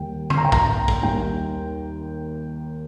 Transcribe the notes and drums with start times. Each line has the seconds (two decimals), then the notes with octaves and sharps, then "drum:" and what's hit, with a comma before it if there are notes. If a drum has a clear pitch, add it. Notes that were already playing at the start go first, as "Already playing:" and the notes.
Already playing: D#2 D#3 G3 G5
0.30 C6, drum: tom
0.38 A#5
0.45 G5
0.52 A#5, drum: kick B1
0.88 drum: kick B1
1.02 D#2 D#3 G3 G5